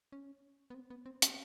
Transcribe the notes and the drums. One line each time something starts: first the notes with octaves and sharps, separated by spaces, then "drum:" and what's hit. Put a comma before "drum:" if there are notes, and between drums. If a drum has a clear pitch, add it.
C#4
B3
C4
B3
C4
C#4, drum: hi-hat